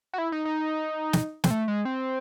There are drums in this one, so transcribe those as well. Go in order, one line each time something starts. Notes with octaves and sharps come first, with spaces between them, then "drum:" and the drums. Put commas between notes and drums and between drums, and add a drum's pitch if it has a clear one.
F#4
E4
D#4
D#4
drum: snare
C4, drum: snare
A3
G#3
C4